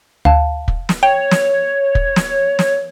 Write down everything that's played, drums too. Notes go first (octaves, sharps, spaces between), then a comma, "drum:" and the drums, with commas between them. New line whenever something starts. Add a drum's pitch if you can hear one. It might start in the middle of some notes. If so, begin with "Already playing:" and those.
D2 F5 A5
drum: kick
drum: snare
C#5 G5
drum: snare
drum: kick
drum: snare
drum: snare